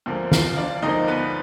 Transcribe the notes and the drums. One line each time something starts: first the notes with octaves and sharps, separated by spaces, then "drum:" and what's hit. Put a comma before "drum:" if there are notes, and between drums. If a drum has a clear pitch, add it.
D2 D3 F3 A#3
F4 F5, drum: snare
D4 D5
D2 D3 F3 A#3 D#4 D#5
B3 B4